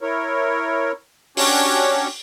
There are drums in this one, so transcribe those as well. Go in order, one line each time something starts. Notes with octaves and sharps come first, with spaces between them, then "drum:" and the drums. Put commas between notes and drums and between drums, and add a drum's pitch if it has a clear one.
E4 A#4 C#5
C#4 D4 F#4 G4 C#5, drum: open hi-hat